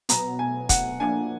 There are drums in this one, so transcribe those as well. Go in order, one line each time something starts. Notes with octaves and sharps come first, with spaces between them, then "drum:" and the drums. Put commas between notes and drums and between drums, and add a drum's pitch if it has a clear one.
B2 F#3 B3 A#5, drum: hi-hat
G#5
F#5, drum: kick, hi-hat
F3 A#3 D4 G#5